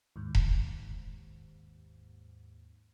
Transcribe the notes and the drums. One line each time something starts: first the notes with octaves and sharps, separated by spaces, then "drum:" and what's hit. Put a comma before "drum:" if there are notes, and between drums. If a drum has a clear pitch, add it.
D#2 G#2
drum: kick E1